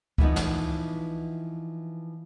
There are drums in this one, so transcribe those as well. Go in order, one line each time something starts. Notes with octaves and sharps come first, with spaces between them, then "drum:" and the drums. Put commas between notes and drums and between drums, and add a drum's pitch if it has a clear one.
E3 F3 B3 D#4, drum: kick C#2
drum: snare